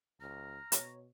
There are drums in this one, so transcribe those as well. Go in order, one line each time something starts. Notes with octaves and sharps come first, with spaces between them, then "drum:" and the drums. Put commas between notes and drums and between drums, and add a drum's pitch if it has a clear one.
C#2 A#5 F6
B2 C#5, drum: hi-hat